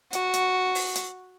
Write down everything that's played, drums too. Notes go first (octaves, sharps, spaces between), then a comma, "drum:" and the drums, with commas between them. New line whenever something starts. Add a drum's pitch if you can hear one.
F#4, drum: hi-hat
drum: hi-hat
drum: open hi-hat
drum: hi-hat